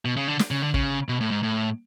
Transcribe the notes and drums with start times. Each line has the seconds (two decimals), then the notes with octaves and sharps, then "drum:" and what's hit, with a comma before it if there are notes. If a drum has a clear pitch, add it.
0.05 B2
0.17 C#3
0.28 D3
0.39 drum: snare
0.51 C#3
0.62 D3
0.74 C#3, drum: kick
1.09 B2
1.21 A2
1.31 G#2
1.43 A2